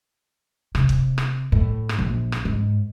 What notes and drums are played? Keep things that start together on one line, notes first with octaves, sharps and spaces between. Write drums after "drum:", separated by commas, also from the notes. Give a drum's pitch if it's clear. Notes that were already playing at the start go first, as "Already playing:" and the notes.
C3, drum: rim click
drum: kick
drum: rim click
A2
drum: rim click
A#1
drum: rim click
G#2